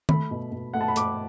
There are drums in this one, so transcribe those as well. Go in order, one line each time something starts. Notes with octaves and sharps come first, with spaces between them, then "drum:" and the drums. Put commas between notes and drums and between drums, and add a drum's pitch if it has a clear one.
A3 B5, drum: tom
B2
B2
A3 F#5
A5
B5
A3 D6, drum: hi-hat